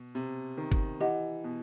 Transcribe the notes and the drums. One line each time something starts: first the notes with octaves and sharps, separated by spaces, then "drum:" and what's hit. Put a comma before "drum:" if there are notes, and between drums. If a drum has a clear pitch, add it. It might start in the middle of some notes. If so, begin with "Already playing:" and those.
Already playing: B2
C3
D#3
drum: kick G1
E3 G4 D#5 F#5
B2